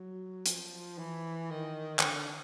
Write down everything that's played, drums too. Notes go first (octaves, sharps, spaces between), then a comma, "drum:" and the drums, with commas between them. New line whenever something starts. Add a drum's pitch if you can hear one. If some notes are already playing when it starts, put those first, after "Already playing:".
Already playing: F#3
F3, drum: hi-hat
E3
D#3
D#3, drum: clap
D3